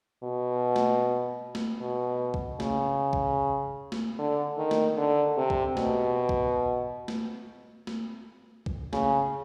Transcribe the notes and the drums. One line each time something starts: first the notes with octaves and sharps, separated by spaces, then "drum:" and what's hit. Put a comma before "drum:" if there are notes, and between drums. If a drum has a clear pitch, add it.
B2
drum: snare
drum: snare
B2
drum: kick
C#3, drum: snare
drum: kick
drum: snare
D3
D#3
drum: snare
D3
C3
drum: kick
B2, drum: snare
drum: kick
drum: snare
drum: snare
drum: kick
C#3, drum: snare